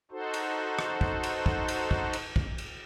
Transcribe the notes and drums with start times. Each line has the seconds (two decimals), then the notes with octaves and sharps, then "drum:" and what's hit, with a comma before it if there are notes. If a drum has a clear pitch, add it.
0.11 D#4 F#4 A4 C5
0.34 drum: cymbal
0.79 drum: rim click
1.01 drum: kick
1.24 drum: cymbal
1.46 drum: kick
1.68 drum: cymbal
1.91 drum: kick
2.13 drum: cymbal
2.36 drum: kick
2.58 drum: cymbal